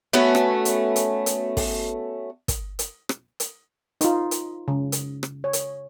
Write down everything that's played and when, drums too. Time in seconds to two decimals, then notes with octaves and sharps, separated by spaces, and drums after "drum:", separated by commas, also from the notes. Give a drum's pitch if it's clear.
0.13 A3 B3 C#4 F#4
0.35 drum: rim click
0.65 drum: hi-hat
0.96 drum: hi-hat
1.26 drum: hi-hat
1.57 drum: kick, open hi-hat
2.48 drum: kick, hi-hat
2.79 drum: hi-hat
3.09 drum: rim click
3.40 drum: hi-hat
4.01 D#4 F4, drum: hi-hat
4.31 drum: hi-hat
4.68 C#3
4.92 drum: hi-hat
5.23 drum: rim click
5.44 C#5
5.53 drum: hi-hat